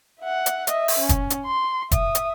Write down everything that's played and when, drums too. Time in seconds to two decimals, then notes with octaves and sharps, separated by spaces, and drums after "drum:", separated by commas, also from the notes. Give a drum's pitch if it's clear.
0.20 E5 F#5
0.46 drum: hi-hat
0.67 D#5 E5, drum: hi-hat
0.88 drum: open hi-hat
0.99 C#4
1.09 drum: kick, hi-hat
1.30 drum: hi-hat
1.45 C6
1.91 E5 D#6, drum: kick, hi-hat
2.15 drum: hi-hat